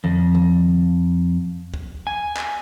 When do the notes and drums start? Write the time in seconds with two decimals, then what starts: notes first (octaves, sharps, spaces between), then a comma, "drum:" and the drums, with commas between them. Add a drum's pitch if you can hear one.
0.04 F2, drum: tom D3
0.35 drum: tom D3
1.74 drum: kick
2.07 G#5
2.37 drum: clap